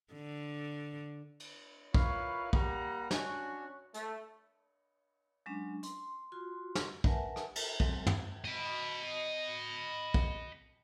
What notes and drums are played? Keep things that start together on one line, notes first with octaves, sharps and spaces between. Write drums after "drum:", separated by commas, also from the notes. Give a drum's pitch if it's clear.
D3
drum: cymbal
E4 F4 A#4 B4 C#5 F5, drum: kick
G3 A#3 G4 F#5 A#5, drum: kick
C#4 D4 F#4, drum: snare
A3, drum: hi-hat
F#3 G#3 C#4 D4
C6, drum: hi-hat
F4 F#4 C6
drum: snare
A#4 B4 E5 F#5 G#5 A5, drum: kick
drum: rim click
A4 A#4, drum: cymbal
F#3 G#3 C4 A4, drum: kick
drum: tom
D#5 B5
drum: kick